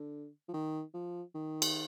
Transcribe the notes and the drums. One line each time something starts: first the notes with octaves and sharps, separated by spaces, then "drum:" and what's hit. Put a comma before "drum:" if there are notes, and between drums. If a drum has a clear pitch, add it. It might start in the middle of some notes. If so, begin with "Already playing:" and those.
Already playing: D3
F3
D#3
F3
D#3
drum: cymbal